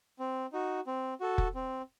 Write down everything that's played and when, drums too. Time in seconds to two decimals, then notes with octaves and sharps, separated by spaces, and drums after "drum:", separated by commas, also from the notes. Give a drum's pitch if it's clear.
0.19 C4
0.53 D#4 F#4
0.87 C4
1.20 F#4 A4
1.38 drum: kick
1.55 C4